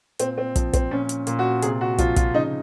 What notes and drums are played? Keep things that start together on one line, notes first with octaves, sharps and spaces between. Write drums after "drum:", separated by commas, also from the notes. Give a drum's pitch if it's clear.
A#2 C4, drum: hi-hat
C4
F3, drum: kick, hi-hat
C4, drum: kick, hi-hat
A#2 C#4
drum: hi-hat
A#2, drum: hi-hat
F#4
C3 G#4, drum: hi-hat
F#4
F3 F4, drum: kick, hi-hat
F4, drum: kick, hi-hat
C#3 D#4